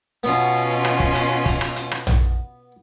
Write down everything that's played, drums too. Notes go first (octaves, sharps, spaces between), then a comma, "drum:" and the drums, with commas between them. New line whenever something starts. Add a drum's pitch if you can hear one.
B2 B3 C#4 F4
drum: rim click
drum: kick
drum: hi-hat
drum: kick, open hi-hat
drum: rim click
drum: hi-hat
drum: rim click
drum: tom A#1